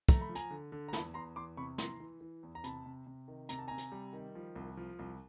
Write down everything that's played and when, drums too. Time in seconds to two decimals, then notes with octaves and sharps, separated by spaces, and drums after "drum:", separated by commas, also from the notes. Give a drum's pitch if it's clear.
0.09 A3 A#5, drum: kick, hi-hat
0.21 B5
0.29 F3
0.35 G#5 A#5, drum: hi-hat
0.51 D3
0.72 D3
0.88 A#5
0.93 E2 A5 B5, drum: snare
1.14 E2 A#5 C6
1.36 E2 C6 D6
1.57 C3 B5 C#6
1.78 E3 A#5 C6, drum: snare
2.00 E3
2.21 E3
2.43 E2
2.55 A#5
2.64 C3 A5 B5, drum: hi-hat
2.86 C3
3.06 C3
3.28 D#3
3.49 C3 A#5, drum: hi-hat
3.59 A5
3.68 C3 G#5 A#5
3.78 drum: hi-hat
3.92 G3
4.13 D#3
4.35 F3
4.56 C2
4.77 F3
4.99 C2